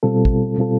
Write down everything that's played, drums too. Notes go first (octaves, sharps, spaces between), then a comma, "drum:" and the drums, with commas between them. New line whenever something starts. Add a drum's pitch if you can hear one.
B2 G3 C4 F4 A4
drum: kick
B2 G3 C4 F4 A4